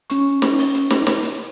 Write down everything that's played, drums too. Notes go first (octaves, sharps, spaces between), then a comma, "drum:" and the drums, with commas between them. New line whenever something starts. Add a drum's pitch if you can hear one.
C#4 C#6, drum: hi-hat
drum: snare
drum: open hi-hat
drum: hi-hat
drum: snare
drum: snare
drum: hi-hat